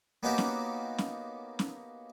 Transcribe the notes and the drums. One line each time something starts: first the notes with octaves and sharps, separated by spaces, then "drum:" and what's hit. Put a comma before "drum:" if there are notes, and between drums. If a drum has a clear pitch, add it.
A#3 B3 C#4 D#4 F#4 G4
drum: snare C#4
drum: snare C#4
drum: snare C#4